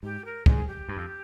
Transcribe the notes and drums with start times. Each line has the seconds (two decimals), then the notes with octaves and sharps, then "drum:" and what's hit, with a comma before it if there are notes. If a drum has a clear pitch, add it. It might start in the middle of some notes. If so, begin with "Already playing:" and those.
0.03 G#2 G4
0.25 A#4
0.46 G#2 G#4, drum: kick
0.67 G4
0.89 G2
0.97 F2